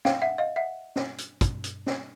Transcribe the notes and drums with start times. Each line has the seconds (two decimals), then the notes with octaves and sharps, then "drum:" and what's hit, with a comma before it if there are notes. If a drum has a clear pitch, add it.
0.05 F5 G5, drum: snare
0.22 E5 F#5
0.38 D#5 F5
0.56 E5 F#5
0.96 drum: snare
1.18 drum: hi-hat
1.41 drum: kick, hi-hat
1.64 drum: hi-hat
1.86 drum: snare